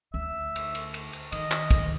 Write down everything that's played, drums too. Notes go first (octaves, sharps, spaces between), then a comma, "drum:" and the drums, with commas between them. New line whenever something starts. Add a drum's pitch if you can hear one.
D2 E5
drum: cymbal
drum: cymbal
drum: cymbal
drum: cymbal
D#3 D#5, drum: cymbal
drum: clap
drum: kick, cymbal